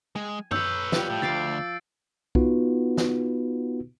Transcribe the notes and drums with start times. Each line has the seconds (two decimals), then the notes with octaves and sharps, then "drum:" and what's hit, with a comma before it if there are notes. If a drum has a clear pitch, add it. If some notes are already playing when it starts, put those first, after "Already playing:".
0.16 G#3 G#5
0.51 B4 C#5 E6 G6, drum: tom
0.92 F3 G3, drum: snare
1.10 A2
1.22 D2 F3 F5 D6 A6 C7 D7
2.35 B3 D#4 F4 F#4 B4, drum: kick
2.97 drum: snare